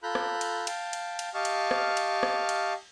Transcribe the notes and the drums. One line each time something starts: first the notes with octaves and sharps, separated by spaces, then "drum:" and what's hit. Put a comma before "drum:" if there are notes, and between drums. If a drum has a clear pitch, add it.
F4 A4 A#5 B5 F#6 G6
drum: rim click
drum: cymbal
F5 G5 A5, drum: cymbal
drum: cymbal
drum: cymbal
G4 D#5 F5 A5 C#6 F6
drum: cymbal
drum: rim click
drum: cymbal
drum: rim click
drum: cymbal